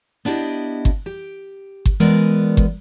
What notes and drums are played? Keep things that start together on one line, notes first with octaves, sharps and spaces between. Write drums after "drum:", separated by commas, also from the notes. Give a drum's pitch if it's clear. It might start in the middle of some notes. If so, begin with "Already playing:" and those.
B3 D4 E4 G4 D#5
drum: kick G1
G4
drum: kick G1
E3 G#3 B3 A#4 D5
drum: kick G1